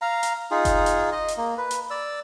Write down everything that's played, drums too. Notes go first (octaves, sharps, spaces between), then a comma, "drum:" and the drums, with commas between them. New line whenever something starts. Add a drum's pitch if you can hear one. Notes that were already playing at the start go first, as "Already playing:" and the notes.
F5 A#5
drum: hi-hat
D#4 F4 G#4
drum: kick F#1, hi-hat
drum: hi-hat
D#5
drum: hi-hat
A#3
B4
drum: hi-hat
D5 E6